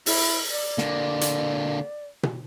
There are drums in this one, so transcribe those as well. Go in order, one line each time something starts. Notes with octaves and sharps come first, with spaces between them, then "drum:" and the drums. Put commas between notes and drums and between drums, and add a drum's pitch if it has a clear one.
E4, drum: open hi-hat
D5
D3 A#3, drum: snare
drum: hi-hat
drum: tom B2